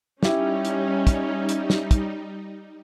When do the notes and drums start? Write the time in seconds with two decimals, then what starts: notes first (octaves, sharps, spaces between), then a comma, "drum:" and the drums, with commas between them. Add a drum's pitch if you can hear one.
0.23 G3 C#4 D#4 E4 G4, drum: snare
0.65 drum: hi-hat
1.07 drum: kick, hi-hat
1.49 drum: hi-hat
1.70 drum: snare
1.91 drum: kick, hi-hat